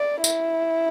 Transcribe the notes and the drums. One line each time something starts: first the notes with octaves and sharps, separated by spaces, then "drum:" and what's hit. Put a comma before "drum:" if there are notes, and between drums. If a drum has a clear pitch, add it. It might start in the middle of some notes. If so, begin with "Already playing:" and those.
Already playing: D5
E4, drum: tambourine